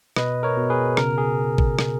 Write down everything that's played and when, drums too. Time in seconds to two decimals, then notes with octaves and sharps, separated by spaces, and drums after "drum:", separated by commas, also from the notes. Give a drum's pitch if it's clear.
0.16 B2 B4 D#5, drum: rim click
0.43 A#4 C#5
0.57 B2
0.70 G#4 B4
0.97 C#3 A#4, drum: rim click
1.18 G#4
1.58 drum: kick A1
1.79 drum: rim click